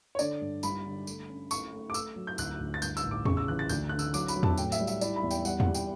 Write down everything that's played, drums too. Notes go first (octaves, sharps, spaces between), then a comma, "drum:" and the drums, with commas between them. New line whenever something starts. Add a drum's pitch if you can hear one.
C#5
D3 D5, drum: tambourine
G2
G3 B5, drum: tambourine
D3
A3, drum: tambourine
C#4
A3 C#6, drum: tambourine
A3
D6
A3 E6, drum: tambourine
F#3
G6
D2 F#6, drum: tambourine
D2
A6
G2 G6, drum: tambourine
E6, drum: tambourine
A1
D6
C#3 C#6, drum: tom E2
E6
E3 F#6
A6
D2 G6, drum: tambourine
D3 F#6
E6, drum: tambourine
F#3 D6, drum: tambourine
B5, drum: tambourine
F#3
A5, drum: tom E2
A2 G5, drum: tambourine
E5, drum: tambourine
G3
E5, drum: tambourine
E4 D5, drum: tambourine
B5
E2
G5, drum: tambourine
G3 F#5, drum: tambourine
F#5, drum: tom E2
G3
G5, drum: tambourine